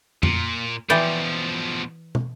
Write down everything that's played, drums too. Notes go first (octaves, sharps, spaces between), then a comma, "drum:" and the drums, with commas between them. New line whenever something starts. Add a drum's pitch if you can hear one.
A#2, drum: tom F2
B2 E3 F3 D5 G5
drum: tom